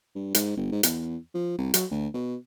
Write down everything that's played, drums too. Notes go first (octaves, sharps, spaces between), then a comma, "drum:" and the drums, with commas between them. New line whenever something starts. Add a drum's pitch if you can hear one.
G2
G#2, drum: hi-hat
G1
G#2
E2, drum: hi-hat
F3
C2
F#3, drum: hi-hat
D2
B2